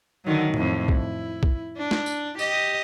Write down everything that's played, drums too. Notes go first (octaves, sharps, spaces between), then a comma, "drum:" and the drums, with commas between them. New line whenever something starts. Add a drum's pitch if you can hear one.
D3 D#3 F#3
F2 A2, drum: tom A2
E4, drum: kick
drum: kick
D4
drum: snare
drum: tambourine
G4 D#5, drum: tambourine